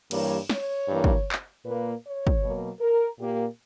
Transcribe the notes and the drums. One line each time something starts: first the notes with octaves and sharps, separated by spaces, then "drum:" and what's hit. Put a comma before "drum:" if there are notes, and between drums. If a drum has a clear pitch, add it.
G2 E3 G3 A#3 C#5, drum: cymbal
C#5, drum: snare
G2 E3 A#3
drum: kick
drum: clap
A#2 A#3 B4
C#5
drum: kick
B2 F#3 A#3
A#4
A#2 A#3 G4